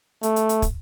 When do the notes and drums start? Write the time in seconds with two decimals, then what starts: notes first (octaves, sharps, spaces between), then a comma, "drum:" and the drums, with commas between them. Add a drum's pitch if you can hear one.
0.23 A3, drum: hi-hat
0.36 drum: hi-hat
0.49 drum: hi-hat
0.62 drum: kick, hi-hat